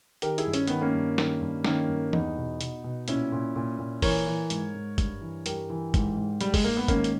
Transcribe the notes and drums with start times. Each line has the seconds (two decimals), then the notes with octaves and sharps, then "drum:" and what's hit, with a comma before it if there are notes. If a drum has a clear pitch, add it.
0.22 D#3 G4 A#4, drum: hi-hat
0.38 E4 G#4, drum: hi-hat
0.47 G2
0.54 C#4, drum: hi-hat
0.68 D#3 B3, drum: hi-hat
0.81 A#3 C#4
0.94 G2
1.18 D#3, drum: snare
1.41 G2
1.64 D#3 A#3 C#4, drum: snare
1.89 G2
2.13 E2 B3 D#4, drum: tom
2.37 B2
2.61 B2, drum: hi-hat
2.84 B2
3.08 A#2 C#4 E4, drum: hi-hat
3.32 A#2
3.56 A#2
3.79 A#2
4.02 E3 A#4 C#5, drum: kick G1, open hi-hat
4.27 E3
4.50 G#2, drum: hi-hat
4.74 G#2
4.98 G2, drum: kick G1, hi-hat
5.21 E3
5.46 G2 G4 A#4, drum: hi-hat
5.70 E3
5.94 G#2, drum: kick G1, hi-hat
6.17 G#2
6.41 G#2 G3, drum: hi-hat
6.54 G#3, drum: kick G1, open hi-hat
6.64 G#2 A#3
6.77 B3
6.88 D#3 A#3 C#4, drum: kick G1, hi-hat
7.04 drum: hi-hat